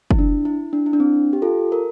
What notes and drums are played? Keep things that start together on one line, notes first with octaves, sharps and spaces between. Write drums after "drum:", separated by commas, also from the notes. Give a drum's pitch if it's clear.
E4, drum: kick
D4
E4
D4
E4
D4
C4
G4
F4 A4
A#4